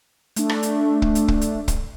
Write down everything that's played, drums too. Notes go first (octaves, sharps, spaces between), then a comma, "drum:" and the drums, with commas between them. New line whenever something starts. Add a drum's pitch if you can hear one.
A3 D4, drum: hi-hat
drum: rim click
drum: hi-hat
drum: kick
drum: hi-hat
drum: kick
drum: hi-hat
drum: kick, hi-hat